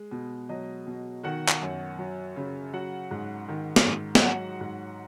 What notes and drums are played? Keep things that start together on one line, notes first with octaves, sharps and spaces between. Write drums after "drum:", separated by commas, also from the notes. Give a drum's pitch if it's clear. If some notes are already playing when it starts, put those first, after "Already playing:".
Already playing: G#3
B2
F#3 D#5
B2
D#3 F#4 F#5
drum: clap
F#2
F#3
C#3
F#3 F#4 F#5
G#2
D#3
drum: snare
G#2
D#5, drum: snare
F#3 F#4 F#5
G#2